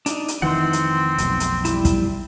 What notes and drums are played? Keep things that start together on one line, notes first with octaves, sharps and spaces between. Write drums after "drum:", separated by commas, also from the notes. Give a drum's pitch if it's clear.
D4 D#4, drum: hi-hat
drum: hi-hat
F1 D#3 E3 C4 F#5 C6
drum: hi-hat
F1 B1, drum: hi-hat
drum: hi-hat
G3 E4, drum: hi-hat
drum: kick, hi-hat